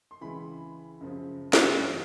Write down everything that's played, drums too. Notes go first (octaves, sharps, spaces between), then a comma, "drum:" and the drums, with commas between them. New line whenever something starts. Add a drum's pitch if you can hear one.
C6
C#2 C#3 E3 B5
F#2 C#3 F3
drum: snare
G2 E3